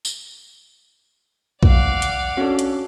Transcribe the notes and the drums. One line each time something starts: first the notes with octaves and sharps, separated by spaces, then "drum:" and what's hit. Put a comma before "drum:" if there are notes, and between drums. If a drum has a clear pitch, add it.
drum: tambourine
D5 F5 F#5, drum: kick A#1
drum: hi-hat
C#4 D4 F#4 A4
drum: hi-hat